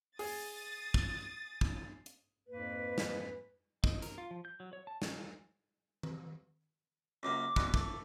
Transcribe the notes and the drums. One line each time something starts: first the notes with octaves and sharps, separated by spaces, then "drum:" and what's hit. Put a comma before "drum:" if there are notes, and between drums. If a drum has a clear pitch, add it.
G#4 D#6 A6, drum: open hi-hat
drum: kick
drum: kick
drum: hi-hat
F2 G#2 A#3 B4
drum: snare
D#4, drum: kick
A#4, drum: hi-hat
F4
F3
G6
F#3
C#5
A5
C#4, drum: snare
drum: tom D#3
C#2 F#2 A#3 D6
E2 B2 B4, drum: kick
A3, drum: kick